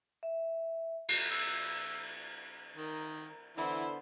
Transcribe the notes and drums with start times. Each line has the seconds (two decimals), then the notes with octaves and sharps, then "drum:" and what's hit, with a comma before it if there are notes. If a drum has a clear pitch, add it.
0.23 E5
1.09 drum: cymbal
1.31 E6
2.76 D#3 A#4
3.57 D3 E3 B3 E4 C5